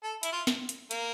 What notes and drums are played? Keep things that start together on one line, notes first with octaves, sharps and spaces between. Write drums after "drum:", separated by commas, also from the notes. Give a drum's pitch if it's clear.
A4
E4, drum: hi-hat
F4
drum: snare
drum: hi-hat
A#3, drum: hi-hat